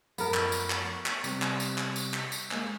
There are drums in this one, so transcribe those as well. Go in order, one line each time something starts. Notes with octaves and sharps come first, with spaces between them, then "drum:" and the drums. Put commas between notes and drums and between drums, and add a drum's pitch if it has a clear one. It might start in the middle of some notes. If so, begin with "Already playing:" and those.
F#2 F3 A3 B3 A#4, drum: tambourine
drum: clap
drum: tambourine
drum: clap
drum: clap
C3 G3 C4, drum: tambourine
drum: clap
drum: tambourine
drum: clap
drum: tambourine
drum: clap
drum: tambourine
G#3 A#3 G#5, drum: clap